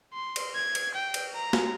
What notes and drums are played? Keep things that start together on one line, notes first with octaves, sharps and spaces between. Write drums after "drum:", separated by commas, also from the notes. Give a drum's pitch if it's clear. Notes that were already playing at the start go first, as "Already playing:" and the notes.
C6
drum: cymbal
G#6
drum: cymbal
G5
drum: cymbal
A#5
drum: snare